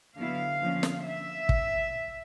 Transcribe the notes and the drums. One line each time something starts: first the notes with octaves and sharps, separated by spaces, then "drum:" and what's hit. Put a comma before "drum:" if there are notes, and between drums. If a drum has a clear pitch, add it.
D3 F#3 B3 E4 F5
D3 F3 A#3 C#4
drum: snare
E5
drum: kick